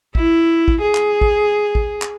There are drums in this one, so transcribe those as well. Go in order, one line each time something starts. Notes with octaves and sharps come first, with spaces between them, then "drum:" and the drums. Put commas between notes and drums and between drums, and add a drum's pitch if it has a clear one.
E4, drum: kick
drum: kick
G#4
drum: clap
drum: kick
drum: kick
drum: clap